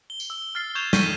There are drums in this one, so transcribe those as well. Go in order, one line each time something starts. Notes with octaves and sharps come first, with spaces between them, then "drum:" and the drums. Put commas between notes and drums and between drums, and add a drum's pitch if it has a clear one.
G7
drum: tambourine
E6
F6 A6 C7
C#6 G6 G#6 E7 F7
C#6 F6 G6 B6 D#7 G7, drum: snare